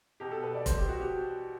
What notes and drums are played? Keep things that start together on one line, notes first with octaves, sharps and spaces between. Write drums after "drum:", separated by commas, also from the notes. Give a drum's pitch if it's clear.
B2 G4
A4
B4
D5
C5, drum: kick F1, hi-hat
G4
F#4
G4